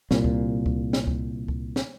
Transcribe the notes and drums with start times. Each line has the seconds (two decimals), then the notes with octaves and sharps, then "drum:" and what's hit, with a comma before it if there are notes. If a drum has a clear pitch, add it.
0.11 C2 A#2, drum: snare
0.24 drum: kick C#2
0.66 drum: kick C#2
0.93 drum: snare
1.07 drum: kick C#2
1.48 drum: kick C#2
1.76 drum: snare